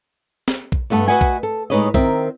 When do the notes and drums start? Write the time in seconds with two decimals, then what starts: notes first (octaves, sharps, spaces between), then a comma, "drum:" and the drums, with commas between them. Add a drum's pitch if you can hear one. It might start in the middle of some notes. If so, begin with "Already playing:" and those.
0.48 drum: snare
0.72 drum: kick A#1
0.90 G2 A3 B3 A5
1.08 F#4 B4 D#5 E5 F#5 G#5
1.21 drum: kick A#1
1.43 A4
1.70 A2 G#3 D#4 B4 C#5 D#5
1.94 D#3 C4 A#4 E5, drum: kick A#1